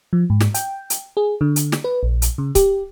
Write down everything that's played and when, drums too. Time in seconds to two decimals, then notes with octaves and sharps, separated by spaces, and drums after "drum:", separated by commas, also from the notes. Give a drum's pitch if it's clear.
0.13 F3
0.30 G#2
0.41 drum: snare
0.54 G5, drum: hi-hat
0.90 drum: hi-hat
1.17 G#4
1.41 D3
1.56 drum: hi-hat
1.72 drum: snare
1.84 B4
2.03 A#1
2.22 drum: hi-hat
2.38 C#3
2.55 G4, drum: kick C#1, hi-hat